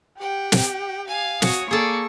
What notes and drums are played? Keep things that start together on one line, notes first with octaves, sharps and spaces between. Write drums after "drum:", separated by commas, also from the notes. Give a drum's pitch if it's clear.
G4 F#5 G5
drum: snare
F5 G#5
F#4 C#5 D#6, drum: snare
A#3 G#4 A4 D5 C#6